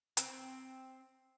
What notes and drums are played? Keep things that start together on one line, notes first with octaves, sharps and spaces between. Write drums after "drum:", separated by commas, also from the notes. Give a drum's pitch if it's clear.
C4, drum: hi-hat